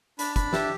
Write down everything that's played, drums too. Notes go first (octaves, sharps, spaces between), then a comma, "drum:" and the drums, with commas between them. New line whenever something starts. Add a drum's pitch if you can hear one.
D4 B5, drum: hi-hat
B5, drum: kick, hi-hat
G4 E5, drum: snare